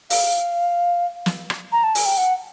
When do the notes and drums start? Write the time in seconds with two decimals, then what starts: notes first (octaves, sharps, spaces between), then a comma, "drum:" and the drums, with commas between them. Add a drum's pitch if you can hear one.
0.10 F5, drum: open hi-hat
1.26 drum: snare
1.50 drum: rim click
1.72 A#5
1.84 A5
1.95 G#5, drum: open hi-hat
2.06 G5
2.17 F#5